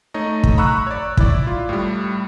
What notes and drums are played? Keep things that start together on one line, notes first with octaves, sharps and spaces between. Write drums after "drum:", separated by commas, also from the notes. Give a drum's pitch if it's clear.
A3 D#4 C#5 D#5
drum: kick
A#5 B5 C#6 E6 F#6
C#5 D5
E4 D5, drum: kick
F4
A2 G3